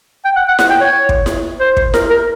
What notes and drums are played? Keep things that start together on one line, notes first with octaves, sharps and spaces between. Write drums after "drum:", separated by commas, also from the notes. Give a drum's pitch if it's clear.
G5
F#5
F#5
F#5, drum: snare E4
G5
C#5
drum: kick
drum: snare E4
C5
drum: kick
A#4, drum: snare E4
A#4